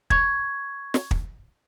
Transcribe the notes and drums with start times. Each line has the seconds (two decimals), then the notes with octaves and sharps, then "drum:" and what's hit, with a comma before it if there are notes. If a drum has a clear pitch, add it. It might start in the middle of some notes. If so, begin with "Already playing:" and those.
0.10 C#6 G#6, drum: kick
0.94 drum: snare
1.11 drum: kick